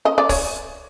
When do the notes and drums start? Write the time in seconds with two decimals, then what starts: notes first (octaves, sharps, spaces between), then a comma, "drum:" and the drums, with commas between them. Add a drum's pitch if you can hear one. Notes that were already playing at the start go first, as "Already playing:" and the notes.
0.05 D#5
0.18 D5
0.29 C#5, drum: kick, open hi-hat